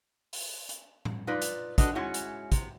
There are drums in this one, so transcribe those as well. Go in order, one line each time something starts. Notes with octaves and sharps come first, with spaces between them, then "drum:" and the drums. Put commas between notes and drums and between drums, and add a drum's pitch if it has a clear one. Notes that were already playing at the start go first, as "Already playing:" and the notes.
drum: open hi-hat
drum: hi-hat
drum: tom A2
D#4 F4 B4 D5
drum: hi-hat
D4 F#4 A4 B4 D#5, drum: kick, hi-hat
G#2 C#4 E4 F#4
drum: hi-hat
C3, drum: kick, hi-hat